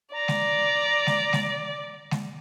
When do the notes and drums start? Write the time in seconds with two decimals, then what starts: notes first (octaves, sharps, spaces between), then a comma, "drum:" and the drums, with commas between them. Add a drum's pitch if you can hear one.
0.15 D5 A#5
0.28 drum: snare G#3
1.07 drum: snare G#3
1.33 drum: snare G#3
2.11 drum: snare G#3